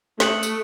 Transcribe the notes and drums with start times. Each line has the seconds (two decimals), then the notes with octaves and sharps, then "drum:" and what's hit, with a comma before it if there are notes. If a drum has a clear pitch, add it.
0.20 A3 D#6 F#6 C#7 F#7, drum: snare
0.43 drum: tambourine